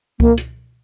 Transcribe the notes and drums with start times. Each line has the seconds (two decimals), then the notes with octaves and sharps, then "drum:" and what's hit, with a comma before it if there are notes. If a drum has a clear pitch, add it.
0.20 A#3, drum: kick C2
0.38 drum: hi-hat